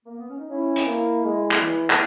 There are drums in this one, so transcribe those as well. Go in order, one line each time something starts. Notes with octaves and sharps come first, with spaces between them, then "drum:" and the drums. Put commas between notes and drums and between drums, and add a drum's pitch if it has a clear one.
A#3
B3
C#4
D#4
C#4 E4
drum: hi-hat
A#3
G#3
drum: clap
E3
E4, drum: clap